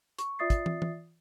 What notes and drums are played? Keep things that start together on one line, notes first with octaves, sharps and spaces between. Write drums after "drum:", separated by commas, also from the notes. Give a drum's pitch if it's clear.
C#6, drum: hi-hat
F4 D5 E5 D#6 A6 C7
drum: kick, hi-hat
drum: tom
drum: tom E3